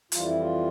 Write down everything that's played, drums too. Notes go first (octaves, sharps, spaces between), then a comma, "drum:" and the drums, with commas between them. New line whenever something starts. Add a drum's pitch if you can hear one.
F2 E3 G3 F4, drum: hi-hat
E4
F4